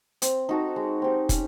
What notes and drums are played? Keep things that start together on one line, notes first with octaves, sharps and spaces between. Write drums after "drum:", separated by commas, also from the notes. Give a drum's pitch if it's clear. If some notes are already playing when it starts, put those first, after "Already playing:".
C4, drum: hi-hat
D#4 F#4 A4
G#3
C4 D#4 G4
C#4, drum: kick, hi-hat